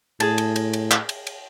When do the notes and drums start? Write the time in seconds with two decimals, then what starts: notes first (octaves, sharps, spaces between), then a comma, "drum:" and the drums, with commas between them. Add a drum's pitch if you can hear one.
0.20 A2 G#4 A5, drum: cymbal
0.38 drum: cymbal
0.56 drum: cymbal
0.73 drum: cymbal
0.91 drum: clap
1.09 drum: cymbal
1.27 drum: cymbal